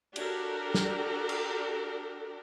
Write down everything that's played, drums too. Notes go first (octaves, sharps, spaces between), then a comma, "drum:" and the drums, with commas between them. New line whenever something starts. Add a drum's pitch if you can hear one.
D4 F#4 G4 A4 A#4, drum: cymbal
drum: snare
drum: cymbal